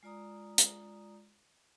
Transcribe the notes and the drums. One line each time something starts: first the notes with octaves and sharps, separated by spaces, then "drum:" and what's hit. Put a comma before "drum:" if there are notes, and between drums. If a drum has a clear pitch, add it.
G#3 F4 D5 A#5 D#6
drum: hi-hat